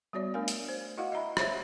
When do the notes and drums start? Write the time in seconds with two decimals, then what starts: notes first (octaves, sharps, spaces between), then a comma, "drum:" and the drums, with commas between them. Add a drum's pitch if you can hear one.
0.13 G3 B3 F#4 C#5 D5
0.34 A3 D4 A#4 F5 G#5
0.48 drum: hi-hat
0.69 C5
0.98 E4 F#4 D#5 F5 F#5
1.12 D#5 E5 A#5 B5
1.37 G#4 C5 C#5 E5, drum: rim click